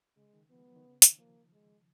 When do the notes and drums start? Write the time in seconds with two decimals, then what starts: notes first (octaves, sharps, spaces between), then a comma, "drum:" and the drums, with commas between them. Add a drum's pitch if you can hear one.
0.17 C#3 G#3
0.34 D#3
0.50 F3 B3
0.59 G#3
0.67 F#3
0.76 D#3
0.84 C#3
1.02 D#3, drum: hi-hat
1.18 F3 A#3
1.53 G#3